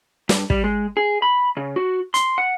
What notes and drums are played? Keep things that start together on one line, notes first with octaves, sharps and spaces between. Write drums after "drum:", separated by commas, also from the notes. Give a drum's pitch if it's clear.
G2, drum: snare
G3, drum: kick
G#3
G#4
B5
C#3
F#4
C6, drum: hi-hat
F#5